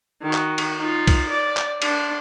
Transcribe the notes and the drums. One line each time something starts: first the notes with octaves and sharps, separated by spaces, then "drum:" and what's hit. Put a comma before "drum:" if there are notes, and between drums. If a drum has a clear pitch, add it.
D#3 F#4
drum: clap
drum: cymbal
D#4 F4
drum: kick B1, cymbal
D5
drum: clap
D4 C6, drum: cymbal